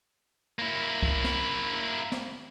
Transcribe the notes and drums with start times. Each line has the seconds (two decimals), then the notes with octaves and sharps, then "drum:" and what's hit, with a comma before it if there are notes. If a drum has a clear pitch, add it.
0.59 A#3 E4
1.02 drum: kick C2
1.24 drum: snare
2.12 drum: snare